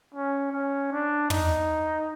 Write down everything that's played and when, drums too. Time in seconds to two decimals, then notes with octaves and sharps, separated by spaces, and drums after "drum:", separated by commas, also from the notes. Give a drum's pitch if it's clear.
0.15 C#4
0.53 C#4
0.92 D4
1.30 D#4, drum: tom